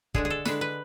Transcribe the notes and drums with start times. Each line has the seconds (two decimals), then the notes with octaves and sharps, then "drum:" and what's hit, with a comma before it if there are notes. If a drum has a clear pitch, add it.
0.15 D3 G#3 D4 G#4, drum: kick
0.25 G#4
0.30 A4
0.45 D3 G#3 D4 B4, drum: snare
0.61 B4